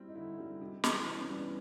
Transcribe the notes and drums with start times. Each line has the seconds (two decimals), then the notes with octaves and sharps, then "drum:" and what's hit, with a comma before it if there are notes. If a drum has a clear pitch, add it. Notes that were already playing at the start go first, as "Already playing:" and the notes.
Already playing: G3 C4 E4
0.08 D#4
0.15 D3 E4
0.38 G3 C4
0.61 C3
0.84 E3 G3 B3, drum: snare
1.06 C3 D#4
1.19 C#4
1.30 E3 G3 B3 D4